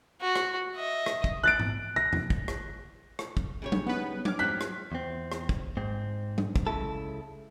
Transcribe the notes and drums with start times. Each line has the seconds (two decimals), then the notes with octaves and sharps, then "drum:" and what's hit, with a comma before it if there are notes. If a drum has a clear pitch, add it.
0.21 F#4
0.36 drum: rim click
0.75 D#5 E5
1.06 drum: rim click
1.24 drum: kick
1.43 F#6 A6 D7
1.60 drum: tom G#2
1.96 A#6
2.13 drum: tom
2.30 drum: kick
2.48 drum: rim click
3.19 drum: rim click
3.37 drum: kick
3.62 C#3 G3 C#5
3.72 drum: tom F#3
3.87 B3 D#4 B4 F#5
4.25 D6 F6 G#6, drum: tom F#3
4.39 G#2 F3 F#3 C4 F#6 B6
4.61 drum: rim click
4.92 E2 C4
5.32 drum: rim click
5.49 drum: kick
5.77 G#2 C4
6.38 drum: tom F#3
6.56 drum: kick
6.67 C#2 C#3 E4 A4